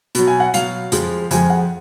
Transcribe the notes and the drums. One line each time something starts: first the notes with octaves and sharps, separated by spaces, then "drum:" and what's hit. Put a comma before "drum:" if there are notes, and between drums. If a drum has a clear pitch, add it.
B2 F#3, drum: hi-hat
G#5
F#5
B2 F#3 F5, drum: hi-hat
F2 F3 G#3, drum: hi-hat
F2 F3 G#3 G#5, drum: hi-hat
F#5